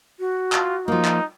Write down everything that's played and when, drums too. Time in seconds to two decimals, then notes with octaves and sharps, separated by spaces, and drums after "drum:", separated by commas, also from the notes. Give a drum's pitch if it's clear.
0.19 F#4
0.52 F4, drum: clap
0.88 F3 A#3 D#4
1.05 drum: clap